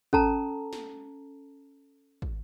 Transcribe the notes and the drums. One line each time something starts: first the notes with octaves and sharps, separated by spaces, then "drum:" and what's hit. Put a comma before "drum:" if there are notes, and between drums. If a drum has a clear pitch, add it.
C#4 A4 A5 A#5, drum: kick
drum: snare
drum: kick